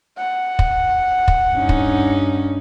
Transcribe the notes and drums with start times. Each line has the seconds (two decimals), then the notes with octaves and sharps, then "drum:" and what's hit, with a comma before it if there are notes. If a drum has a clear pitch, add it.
0.18 F#5
0.59 drum: kick
1.28 drum: kick
1.54 G2 C#4 D#4
1.69 drum: kick